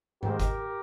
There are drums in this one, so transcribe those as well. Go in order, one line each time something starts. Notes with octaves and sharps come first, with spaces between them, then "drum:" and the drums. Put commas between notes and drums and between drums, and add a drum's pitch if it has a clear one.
G#2 D#3 G#3 C4 G4 A#4, drum: tom G#2
drum: kick, hi-hat